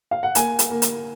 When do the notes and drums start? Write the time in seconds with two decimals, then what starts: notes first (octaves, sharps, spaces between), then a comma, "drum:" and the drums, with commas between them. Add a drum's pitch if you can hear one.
0.11 F5
0.23 F#5
0.35 A#3 G#5, drum: hi-hat
0.59 drum: hi-hat
0.70 A#3
0.82 drum: hi-hat